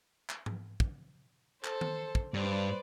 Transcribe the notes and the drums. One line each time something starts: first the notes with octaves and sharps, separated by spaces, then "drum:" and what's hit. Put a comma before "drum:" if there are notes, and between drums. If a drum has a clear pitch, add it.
drum: clap
drum: tom G#2
drum: kick
A4 C5, drum: clap
drum: tom D#3
drum: kick
G2 B4 C5 D5